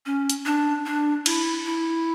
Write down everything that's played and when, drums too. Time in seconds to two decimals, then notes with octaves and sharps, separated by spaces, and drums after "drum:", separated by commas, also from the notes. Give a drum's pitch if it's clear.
0.06 C#4
0.30 drum: hi-hat
0.46 D4
0.86 D4
1.26 E4, drum: cymbal
1.66 E4